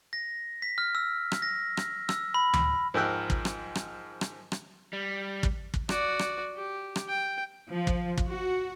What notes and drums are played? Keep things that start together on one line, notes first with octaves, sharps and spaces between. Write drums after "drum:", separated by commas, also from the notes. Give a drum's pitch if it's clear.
A#6
B6
F6
E6
drum: rim click
A#6
drum: rim click
E6, drum: rim click
B5
drum: tom D2
G#2 F3 A#4 G5 E6 F#6
drum: kick
drum: rim click
drum: rim click
drum: rim click
drum: rim click
G3
drum: kick
drum: kick
F#4 D5, drum: rim click
drum: rim click
G4
drum: rim click
G5
F3
drum: kick
drum: kick
F#4